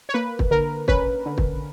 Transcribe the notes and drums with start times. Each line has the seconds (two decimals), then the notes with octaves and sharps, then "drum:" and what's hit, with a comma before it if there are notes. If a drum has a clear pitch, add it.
0.09 C#5
0.14 A#3 B4
0.39 drum: kick
0.51 D3 A#4
0.88 C#4 B4, drum: kick
1.26 D3
1.38 drum: kick